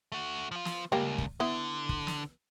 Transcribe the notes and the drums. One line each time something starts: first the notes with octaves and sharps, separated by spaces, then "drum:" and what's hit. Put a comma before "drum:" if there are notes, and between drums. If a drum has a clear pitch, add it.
A3 F#4
F3 F4
drum: snare
C#2 G3 A#3 G5
drum: kick
D3 B3 E4
drum: kick
drum: snare